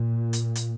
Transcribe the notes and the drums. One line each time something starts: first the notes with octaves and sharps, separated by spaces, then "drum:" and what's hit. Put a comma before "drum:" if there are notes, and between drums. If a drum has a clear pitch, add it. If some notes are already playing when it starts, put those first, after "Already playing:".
Already playing: A#2
drum: hi-hat
drum: hi-hat